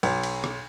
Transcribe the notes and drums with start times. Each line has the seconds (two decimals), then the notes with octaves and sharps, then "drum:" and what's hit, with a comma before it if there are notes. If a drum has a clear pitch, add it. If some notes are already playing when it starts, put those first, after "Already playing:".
0.03 B1, drum: cymbal
0.23 drum: cymbal
0.44 drum: rim click